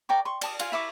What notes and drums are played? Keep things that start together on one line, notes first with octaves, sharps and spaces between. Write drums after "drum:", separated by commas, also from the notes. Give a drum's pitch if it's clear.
A#4 D5 G5 C#6
C6 C#6
D5 A5 D#6, drum: cymbal
F4 F5 G#5, drum: cymbal
E4 E5 C#6 D6